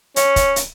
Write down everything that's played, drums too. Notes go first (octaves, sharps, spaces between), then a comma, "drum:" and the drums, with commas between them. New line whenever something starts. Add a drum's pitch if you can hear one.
C#4, drum: hi-hat
drum: kick, hi-hat
drum: hi-hat